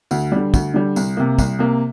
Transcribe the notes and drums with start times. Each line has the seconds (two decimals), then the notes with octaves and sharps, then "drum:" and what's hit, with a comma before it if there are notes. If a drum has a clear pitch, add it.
0.11 D2, drum: tambourine
0.32 D3 G3
0.54 D2, drum: kick, tambourine
0.74 D3 G3
0.96 C2, drum: tambourine
1.17 C3 A#3
1.39 C2, drum: kick, tambourine
1.59 C3 A#3